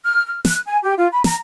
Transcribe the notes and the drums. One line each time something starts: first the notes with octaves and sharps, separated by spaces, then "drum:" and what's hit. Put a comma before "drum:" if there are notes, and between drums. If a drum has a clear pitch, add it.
F6
F6
F#6, drum: snare
G#5
G4
F4
B5
A#5, drum: snare